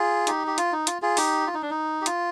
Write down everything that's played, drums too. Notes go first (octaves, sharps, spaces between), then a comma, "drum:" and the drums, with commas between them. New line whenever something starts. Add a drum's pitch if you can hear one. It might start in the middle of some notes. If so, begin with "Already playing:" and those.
Already playing: F4 G#4
D#4 G4, drum: hi-hat
G4
F4, drum: hi-hat
D#4
F4, drum: hi-hat
F4 G#4
D#4 G4, drum: open hi-hat
F4
D#4
D4
D#4
G4
F4, drum: hi-hat